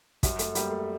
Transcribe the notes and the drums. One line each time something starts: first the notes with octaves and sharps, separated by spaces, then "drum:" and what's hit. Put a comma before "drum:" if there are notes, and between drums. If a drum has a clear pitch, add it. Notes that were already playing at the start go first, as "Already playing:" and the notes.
F#2 G3, drum: kick, hi-hat
A3, drum: hi-hat
G3 A#3, drum: hi-hat
A3